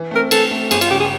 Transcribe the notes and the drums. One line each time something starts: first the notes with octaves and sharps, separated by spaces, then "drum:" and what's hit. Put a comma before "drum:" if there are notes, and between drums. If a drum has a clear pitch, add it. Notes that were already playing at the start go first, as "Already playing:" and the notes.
Already playing: E3
A3 C4 A#4
E3 A4, drum: cymbal
A3 C4
G1 G#4, drum: cymbal
F4, drum: cymbal
C#3 G4
G#4